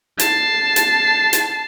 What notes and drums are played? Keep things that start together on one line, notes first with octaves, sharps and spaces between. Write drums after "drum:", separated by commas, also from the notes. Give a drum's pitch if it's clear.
A5 C7, drum: hi-hat
drum: hi-hat
drum: hi-hat